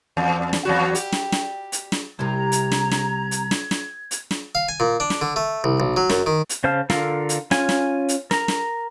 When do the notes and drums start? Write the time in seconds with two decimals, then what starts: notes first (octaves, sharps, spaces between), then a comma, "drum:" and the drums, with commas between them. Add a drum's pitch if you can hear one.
0.17 E2
0.53 drum: snare
0.65 E2 F#3 F#4
0.95 G4, drum: hi-hat
1.13 drum: snare
1.32 drum: snare
1.72 drum: hi-hat
1.92 drum: snare
2.19 C2 C3 C4 A#5 G#6
2.52 drum: hi-hat
2.72 drum: snare
2.92 drum: snare
3.31 drum: hi-hat
3.51 drum: snare
3.71 drum: snare
4.11 drum: hi-hat
4.31 drum: snare
4.55 F5
4.69 G#5
4.80 A#2
5.00 D4
5.10 drum: snare
5.21 D3
5.36 A3
5.64 C2
5.80 B1
5.97 F#3
6.10 F#2, drum: snare
6.26 D#3
6.49 drum: hi-hat
6.64 C#3 C5 F5 A5 F6
6.90 D3 F4 A4 A#4 F5, drum: snare
7.29 drum: hi-hat
7.51 C#4 F4 G#5, drum: snare
7.69 drum: snare
8.09 drum: hi-hat
8.31 A#4 A#5, drum: snare
8.48 drum: snare